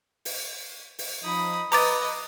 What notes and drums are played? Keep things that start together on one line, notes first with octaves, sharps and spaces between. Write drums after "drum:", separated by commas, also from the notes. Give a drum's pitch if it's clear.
drum: open hi-hat
drum: open hi-hat
F3 D#4 B5 D#6
B4 D#5 A#5 D6 A6, drum: open hi-hat